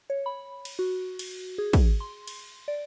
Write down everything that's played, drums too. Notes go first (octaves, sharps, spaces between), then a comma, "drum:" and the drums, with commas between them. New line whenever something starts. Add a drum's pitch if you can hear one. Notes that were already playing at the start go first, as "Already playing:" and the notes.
C#5
B5
drum: cymbal
F#4
drum: cymbal
G#4
drum: kick, cymbal
C6
drum: cymbal
D5